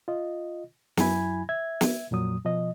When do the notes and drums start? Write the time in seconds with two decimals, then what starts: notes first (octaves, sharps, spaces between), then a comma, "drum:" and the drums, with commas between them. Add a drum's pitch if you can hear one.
0.08 F4 D#5
0.97 F#2 F#3 E4 G#5 B5 G#6, drum: snare
1.49 E5 G#6
1.81 drum: snare
2.11 F2 A#2 F#3 D#6
2.45 B2 F3 D#5